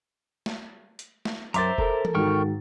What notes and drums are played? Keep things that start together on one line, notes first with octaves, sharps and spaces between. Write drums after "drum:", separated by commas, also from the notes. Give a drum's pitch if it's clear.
drum: snare
drum: hi-hat
drum: snare
F#2 A#4 C5 E5 A#5 C6 D6 A6, drum: hi-hat
A4 A#4, drum: kick F1
drum: tom E3
G#2 D#3 F#4 G5 C#6 F6